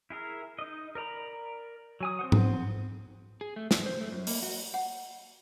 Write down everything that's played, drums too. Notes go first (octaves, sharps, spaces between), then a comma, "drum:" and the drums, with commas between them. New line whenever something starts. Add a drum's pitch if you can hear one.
E4 G#4 A#4
D#4 D#5
A#4 D5 A#5 B5
F#3 G#5 D#6
C4 C5 F#5
drum: tom G#2
G#4
A3
G#2, drum: snare
C5
A3
F#2
A#3, drum: open hi-hat
F#4
F#5